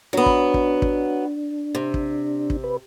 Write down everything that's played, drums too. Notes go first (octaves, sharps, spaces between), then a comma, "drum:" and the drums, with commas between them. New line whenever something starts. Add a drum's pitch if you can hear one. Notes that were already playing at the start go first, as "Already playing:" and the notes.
F#3 B3 D4
drum: kick
drum: kick
drum: kick
C3
drum: kick
drum: kick
B4